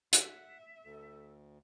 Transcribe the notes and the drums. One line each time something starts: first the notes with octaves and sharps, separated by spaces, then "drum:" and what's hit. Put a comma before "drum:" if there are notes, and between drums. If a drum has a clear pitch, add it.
F#4 E5 F#5, drum: hi-hat
D2 A4